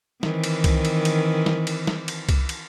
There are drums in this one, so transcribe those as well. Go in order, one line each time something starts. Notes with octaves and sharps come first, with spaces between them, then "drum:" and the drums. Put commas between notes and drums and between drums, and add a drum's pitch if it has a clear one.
D#3 E3 C4, drum: snare
drum: cymbal
drum: kick C2, cymbal
drum: cymbal
drum: cymbal
drum: snare
drum: cymbal
drum: snare
drum: cymbal
drum: kick C2, cymbal
drum: cymbal